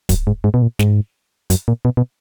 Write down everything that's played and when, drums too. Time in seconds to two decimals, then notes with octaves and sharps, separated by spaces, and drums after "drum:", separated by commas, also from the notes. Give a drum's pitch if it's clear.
0.09 F#2, drum: kick, hi-hat
0.27 G#2
0.44 G#2
0.54 B2
0.62 A#2
0.79 G#2, drum: snare
1.50 F#2, drum: hi-hat
1.68 A#2
1.85 B2
1.97 B2